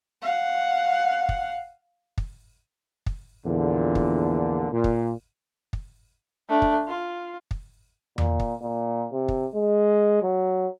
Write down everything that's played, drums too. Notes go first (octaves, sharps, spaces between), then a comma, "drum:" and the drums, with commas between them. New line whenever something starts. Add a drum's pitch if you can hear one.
F5 F#5
drum: kick
drum: kick
drum: kick
A#1 E2 A#2 D3
drum: kick
A#2
drum: kick
drum: kick
A3 D4
drum: kick
F4
drum: kick
A#2, drum: tom E2
drum: kick
A#2
C3
drum: kick
G#3
F#3